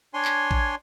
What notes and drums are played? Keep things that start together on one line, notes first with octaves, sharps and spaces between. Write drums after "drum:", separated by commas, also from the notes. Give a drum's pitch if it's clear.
D4 C#5 G#5 C6
drum: clap
drum: kick